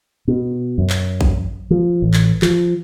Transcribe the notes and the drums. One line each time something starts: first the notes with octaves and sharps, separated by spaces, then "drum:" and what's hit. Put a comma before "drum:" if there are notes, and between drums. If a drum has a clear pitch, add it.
B2
F#2
drum: clap
drum: kick A1
F3
A1
drum: clap
F3, drum: clap